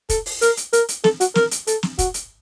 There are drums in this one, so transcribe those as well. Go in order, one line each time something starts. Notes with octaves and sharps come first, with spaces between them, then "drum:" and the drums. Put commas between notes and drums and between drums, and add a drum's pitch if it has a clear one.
A4, drum: kick, hi-hat
drum: open hi-hat
A#4, drum: hi-hat
drum: hi-hat
A#4, drum: hi-hat
drum: hi-hat
A4, drum: snare
F#4, drum: hi-hat
A#4, drum: snare
drum: hi-hat
A4, drum: hi-hat
drum: snare
F#4, drum: kick, hi-hat
drum: hi-hat